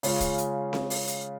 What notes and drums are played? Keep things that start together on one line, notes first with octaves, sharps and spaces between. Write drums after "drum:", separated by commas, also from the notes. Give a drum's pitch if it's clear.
C#3 G#3 C#4 F4, drum: open hi-hat
drum: kick, hi-hat
drum: hi-hat
drum: snare C4
drum: open hi-hat
drum: hi-hat